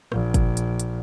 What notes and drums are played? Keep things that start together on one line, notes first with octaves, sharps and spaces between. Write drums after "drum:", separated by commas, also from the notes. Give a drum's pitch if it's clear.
A#1, drum: rim click
drum: kick, hi-hat
drum: hi-hat
drum: hi-hat